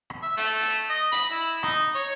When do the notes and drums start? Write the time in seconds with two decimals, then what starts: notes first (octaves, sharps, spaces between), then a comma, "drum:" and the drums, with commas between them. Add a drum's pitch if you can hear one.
0.10 drum: rim click
0.23 E5
0.37 A3, drum: hi-hat
0.61 drum: hi-hat
0.90 D#5
1.12 B5, drum: hi-hat
1.30 E4
1.63 D#4, drum: rim click
1.95 C#5